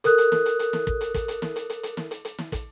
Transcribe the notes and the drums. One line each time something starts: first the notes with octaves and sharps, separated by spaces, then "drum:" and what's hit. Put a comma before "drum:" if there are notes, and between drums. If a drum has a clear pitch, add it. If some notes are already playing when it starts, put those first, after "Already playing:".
A4 A#4 D#6 F#6, drum: hi-hat
drum: hi-hat
drum: snare
drum: hi-hat
drum: hi-hat
drum: snare
drum: kick
drum: hi-hat
drum: kick, hi-hat
drum: hi-hat
drum: snare
drum: hi-hat
drum: hi-hat
drum: hi-hat
drum: snare
drum: hi-hat
drum: hi-hat
drum: snare
drum: kick, hi-hat